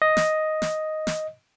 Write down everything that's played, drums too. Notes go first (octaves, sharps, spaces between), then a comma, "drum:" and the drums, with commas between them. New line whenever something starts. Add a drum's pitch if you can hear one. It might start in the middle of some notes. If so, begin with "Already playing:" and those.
D#5
drum: snare
drum: snare
drum: snare